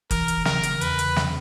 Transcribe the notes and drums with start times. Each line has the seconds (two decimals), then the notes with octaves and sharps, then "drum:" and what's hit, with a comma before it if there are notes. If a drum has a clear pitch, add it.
0.11 E3 A#4, drum: kick F#1, hi-hat
0.28 drum: hi-hat
0.45 C#3 A#4, drum: snare
0.63 drum: hi-hat
0.81 E2 B4, drum: hi-hat
0.99 drum: hi-hat
1.16 C#3, drum: snare